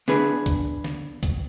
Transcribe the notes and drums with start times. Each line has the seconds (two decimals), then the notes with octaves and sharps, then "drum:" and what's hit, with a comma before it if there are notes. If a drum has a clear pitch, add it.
0.08 B3 D4 G#4 B4, drum: snare
0.46 drum: kick B1, hi-hat
0.84 drum: snare
1.23 drum: kick B1, hi-hat